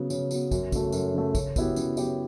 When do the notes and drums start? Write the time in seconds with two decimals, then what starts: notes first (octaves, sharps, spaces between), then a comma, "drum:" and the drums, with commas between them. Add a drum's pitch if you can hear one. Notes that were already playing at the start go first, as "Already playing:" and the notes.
Already playing: C#3 F#3 B3
0.10 C#3, drum: tambourine
0.31 F#3 B3, drum: tambourine
0.51 F#2, drum: kick, tambourine
0.72 C#3 F#3 A3, drum: kick, tambourine
0.92 F#2, drum: tambourine
1.14 C#3 F#3 A3
1.35 C#3, drum: kick, tambourine
1.56 F#3 B3 E4 G4, drum: kick, tambourine
1.76 C#3, drum: tambourine
1.97 F#3 B3 E4 G4, drum: tambourine